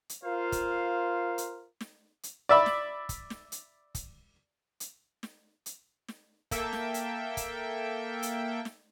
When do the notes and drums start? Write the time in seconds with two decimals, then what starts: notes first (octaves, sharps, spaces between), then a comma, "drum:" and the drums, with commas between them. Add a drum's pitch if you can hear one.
0.09 drum: hi-hat
0.24 F4 A#4 C5 F5
0.52 drum: kick, hi-hat
1.38 drum: hi-hat
1.81 drum: snare
2.23 drum: hi-hat
2.49 D5 E5 B5
2.66 drum: snare
3.09 drum: kick, hi-hat
3.30 drum: snare
3.52 drum: hi-hat
3.95 drum: kick, hi-hat
4.80 drum: hi-hat
5.23 drum: snare
5.66 drum: hi-hat
6.09 drum: snare
6.51 A#3 A4 E5 G5, drum: kick, hi-hat
6.73 drum: snare
6.94 drum: hi-hat
7.37 drum: kick, hi-hat
8.23 drum: hi-hat
8.65 drum: snare